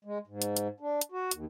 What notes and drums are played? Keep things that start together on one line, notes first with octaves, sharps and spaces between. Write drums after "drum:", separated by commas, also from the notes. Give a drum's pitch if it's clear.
G#3
G#2
drum: hi-hat
drum: hi-hat
D4
drum: hi-hat
F#4
D#2, drum: hi-hat